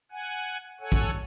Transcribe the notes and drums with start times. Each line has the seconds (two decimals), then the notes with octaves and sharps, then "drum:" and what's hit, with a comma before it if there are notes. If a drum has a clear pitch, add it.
0.12 F#5 G#5
0.80 A4 C#5 F#5 G#5
0.92 drum: kick